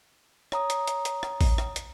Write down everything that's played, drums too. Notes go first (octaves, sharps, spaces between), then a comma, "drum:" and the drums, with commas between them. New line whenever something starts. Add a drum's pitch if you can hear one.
C#5 A#5 D#6, drum: rim click
drum: hi-hat
drum: hi-hat
drum: hi-hat
drum: rim click
drum: kick A1, open hi-hat
drum: rim click
drum: hi-hat